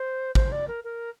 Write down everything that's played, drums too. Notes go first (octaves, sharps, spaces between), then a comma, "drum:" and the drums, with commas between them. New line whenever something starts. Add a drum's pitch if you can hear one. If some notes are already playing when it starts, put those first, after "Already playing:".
Already playing: C5
C5, drum: kick
D5
A#4
A#4